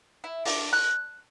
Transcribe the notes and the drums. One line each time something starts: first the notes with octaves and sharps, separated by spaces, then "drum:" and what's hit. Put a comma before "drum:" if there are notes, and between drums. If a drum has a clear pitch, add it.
E4
D4, drum: open hi-hat
F#6